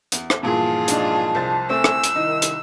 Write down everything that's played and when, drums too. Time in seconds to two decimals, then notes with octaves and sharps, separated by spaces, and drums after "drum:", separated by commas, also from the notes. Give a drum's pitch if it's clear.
0.12 E2, drum: hi-hat
0.30 drum: rim click
0.43 G2 A#2 E3 F3 F4 G#4 A5
0.88 G#2 D4 D#4, drum: hi-hat
1.35 C2 C5 A6
1.69 A3 C4 G#5 E6
1.84 drum: rim click
2.04 drum: hi-hat
2.16 D#3 D#4 E4
2.42 drum: hi-hat